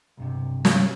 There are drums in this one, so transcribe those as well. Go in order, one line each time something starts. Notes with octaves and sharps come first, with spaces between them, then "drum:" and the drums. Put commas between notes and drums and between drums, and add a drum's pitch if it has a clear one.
B1 G2 C3
drum: snare